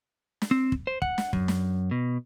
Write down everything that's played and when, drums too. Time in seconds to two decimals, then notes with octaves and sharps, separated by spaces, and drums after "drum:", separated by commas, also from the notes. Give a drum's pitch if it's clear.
0.42 drum: snare
0.51 C4
0.72 drum: kick
0.87 C5
1.02 F#5, drum: kick
1.18 drum: snare
1.33 F#2, drum: kick
1.48 drum: snare
1.91 B2